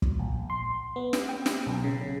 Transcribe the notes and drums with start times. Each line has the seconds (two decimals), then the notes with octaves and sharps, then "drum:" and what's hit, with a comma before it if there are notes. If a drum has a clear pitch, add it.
0.02 drum: kick
0.20 A#1
0.50 C6
0.96 B3
1.13 drum: snare
1.29 G5
1.46 drum: snare
1.67 B1
1.84 C#3
2.01 C#3